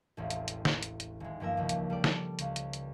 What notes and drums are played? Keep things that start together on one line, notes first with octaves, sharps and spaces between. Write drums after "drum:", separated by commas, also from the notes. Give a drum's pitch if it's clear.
E1 A1
drum: hi-hat
drum: hi-hat
drum: snare
drum: hi-hat
drum: hi-hat
D#1 G#3
G1 F3 A#3 A#4 E6
D#1 C#2
drum: hi-hat
G3 A4 D5
drum: snare
C#2, drum: hi-hat
drum: hi-hat
drum: hi-hat